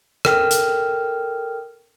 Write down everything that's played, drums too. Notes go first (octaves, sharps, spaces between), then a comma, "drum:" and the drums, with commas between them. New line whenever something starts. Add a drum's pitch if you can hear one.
A4 A#4 G5 F6, drum: rim click
drum: hi-hat